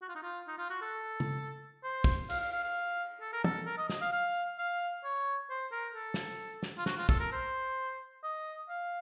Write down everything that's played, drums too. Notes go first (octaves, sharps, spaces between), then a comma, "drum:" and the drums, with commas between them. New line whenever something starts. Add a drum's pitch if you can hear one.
F#4
F4
D#4
F4
D#4
F4
F#4
A4
drum: tom
C5
drum: kick
F5, drum: cymbal
F5
F5
F5
A4
A#4
A4, drum: tom
A#4
D#5
D#5, drum: snare
F5
F5
F5
C#5
C5
A#4
A4
drum: snare
drum: snare
F4
F#4, drum: snare
F4
A4, drum: kick
A#4
C5
D#5
F5